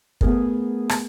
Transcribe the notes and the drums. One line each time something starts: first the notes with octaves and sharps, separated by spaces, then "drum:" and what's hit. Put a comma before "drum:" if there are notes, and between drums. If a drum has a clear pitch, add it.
A3 B3 G#4 A#4, drum: kick
drum: rim click